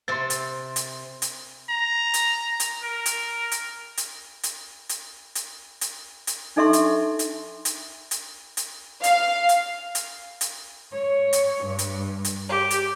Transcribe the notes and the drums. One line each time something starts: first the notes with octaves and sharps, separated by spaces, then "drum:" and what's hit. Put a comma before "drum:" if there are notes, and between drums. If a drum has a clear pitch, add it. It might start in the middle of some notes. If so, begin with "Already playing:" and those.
C3 C4 C6 A6
drum: hi-hat
drum: hi-hat
drum: hi-hat
A#5
drum: hi-hat
drum: hi-hat
A#4
drum: hi-hat
drum: hi-hat
drum: hi-hat
drum: hi-hat
drum: hi-hat
drum: hi-hat
drum: hi-hat
drum: hi-hat
D4 D#4 A4 E5 C6 C#6
drum: hi-hat
drum: hi-hat
drum: hi-hat
drum: hi-hat
drum: hi-hat
F5, drum: hi-hat
drum: hi-hat
drum: hi-hat
drum: hi-hat
C#5
drum: hi-hat
G2
drum: hi-hat
drum: hi-hat
G4
drum: hi-hat